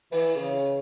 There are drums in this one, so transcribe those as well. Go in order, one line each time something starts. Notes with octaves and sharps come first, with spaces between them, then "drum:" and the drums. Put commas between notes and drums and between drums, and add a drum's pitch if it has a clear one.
E3, drum: open hi-hat
C#3